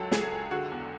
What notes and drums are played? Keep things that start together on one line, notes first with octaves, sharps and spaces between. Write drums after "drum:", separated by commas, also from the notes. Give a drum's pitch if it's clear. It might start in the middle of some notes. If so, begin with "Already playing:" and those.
Already playing: C#2 F#3 A4
C#2 G#4, drum: snare
C#2
D3 F#4
E2